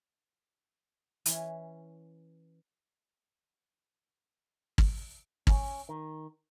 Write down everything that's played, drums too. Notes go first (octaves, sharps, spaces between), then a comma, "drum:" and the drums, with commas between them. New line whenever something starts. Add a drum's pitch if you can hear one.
E3 C#4, drum: hi-hat
drum: kick G#1
C#4, drum: kick G#1
D#3